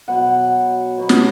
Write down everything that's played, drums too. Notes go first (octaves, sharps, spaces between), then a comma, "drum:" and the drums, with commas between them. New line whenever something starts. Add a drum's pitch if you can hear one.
B2 F#3 B3 F#5
B2 F#3 B3
drum: snare